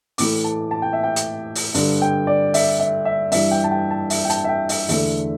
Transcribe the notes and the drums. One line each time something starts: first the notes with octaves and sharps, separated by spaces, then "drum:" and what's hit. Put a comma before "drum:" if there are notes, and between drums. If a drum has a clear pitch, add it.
A2 E3 A3 D6, drum: open hi-hat
A5
A5
G5
E5
G5
drum: hi-hat
drum: open hi-hat
G2 D3 G3, drum: open hi-hat
G5
D5
E5, drum: open hi-hat
E5
E5
G2 E3 G3 E5, drum: open hi-hat
G5
A5
G5
A5
E5, drum: open hi-hat
G5
A5, drum: hi-hat
E5
G5
E5, drum: open hi-hat
E2 D3 A3 E5, drum: open hi-hat